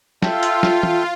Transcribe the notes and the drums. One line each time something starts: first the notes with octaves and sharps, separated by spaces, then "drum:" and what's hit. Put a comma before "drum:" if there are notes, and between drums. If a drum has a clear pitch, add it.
F4 A4 E5 G5, drum: snare
drum: hi-hat
drum: snare
drum: tom